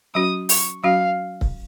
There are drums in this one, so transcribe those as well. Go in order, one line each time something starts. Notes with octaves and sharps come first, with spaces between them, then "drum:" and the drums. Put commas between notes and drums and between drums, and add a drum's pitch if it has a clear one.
F#3 C#4 F#4 D#6
C#6, drum: open hi-hat
F#3 C#4 F#4 F5
drum: kick C#1